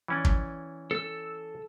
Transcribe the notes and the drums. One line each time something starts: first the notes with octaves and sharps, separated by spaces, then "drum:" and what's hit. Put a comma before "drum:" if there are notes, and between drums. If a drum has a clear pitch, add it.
E3 C#4 D5
drum: kick
A4 E6